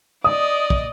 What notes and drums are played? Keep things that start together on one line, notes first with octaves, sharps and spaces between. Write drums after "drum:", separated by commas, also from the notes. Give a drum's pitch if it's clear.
D5 D#5 D#6
drum: kick